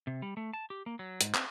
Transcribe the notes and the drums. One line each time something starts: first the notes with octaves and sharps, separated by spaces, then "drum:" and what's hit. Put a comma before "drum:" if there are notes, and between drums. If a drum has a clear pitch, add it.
C3
G3
A3
A5
G4
A#3
F#3
G#2, drum: hi-hat
C4, drum: clap